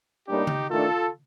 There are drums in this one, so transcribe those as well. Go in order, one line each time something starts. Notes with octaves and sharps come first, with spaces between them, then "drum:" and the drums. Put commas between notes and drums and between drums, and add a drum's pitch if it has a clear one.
A2 G3 A#3 D4 D#4 G4
drum: tom C#3
D#3 A3 D4 F4 A4